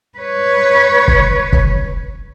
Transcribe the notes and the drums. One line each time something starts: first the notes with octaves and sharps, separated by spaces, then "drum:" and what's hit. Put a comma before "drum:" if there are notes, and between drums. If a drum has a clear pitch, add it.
B4 C#5
drum: kick
drum: kick